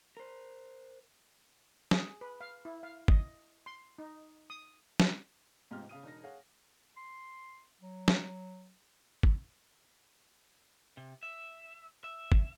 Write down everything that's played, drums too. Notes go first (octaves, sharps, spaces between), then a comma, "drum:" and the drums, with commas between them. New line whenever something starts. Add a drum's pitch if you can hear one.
A#4 C5
G#4, drum: snare
B4
F5
E4
F5
D#5, drum: kick
C6
D#4
D#6
drum: snare
A1 G#2 C3 F4 G5 F6
C#3 F5 D#6 D#7
E1 D#4 A#6
G#4 C#5 F5 F#5
C6
F#3
drum: snare
drum: kick
C3
E5
E5
drum: kick